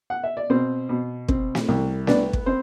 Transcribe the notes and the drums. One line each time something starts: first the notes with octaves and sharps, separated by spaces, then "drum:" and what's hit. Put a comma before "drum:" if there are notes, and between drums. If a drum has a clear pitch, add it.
F#5
E5
D5
B2 C4 C5
B2
C4, drum: kick
drum: snare
C2
B3 D4 D5, drum: snare
drum: kick
C4 C5